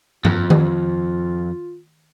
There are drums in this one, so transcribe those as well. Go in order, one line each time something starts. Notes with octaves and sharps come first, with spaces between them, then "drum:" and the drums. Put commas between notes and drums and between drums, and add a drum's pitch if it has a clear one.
F2 F4, drum: tom G2
drum: tom D#3